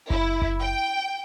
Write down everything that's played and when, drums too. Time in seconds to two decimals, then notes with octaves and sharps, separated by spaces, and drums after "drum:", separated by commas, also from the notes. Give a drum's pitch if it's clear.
0.10 E4, drum: kick F#1
0.42 drum: kick F#1
0.62 G5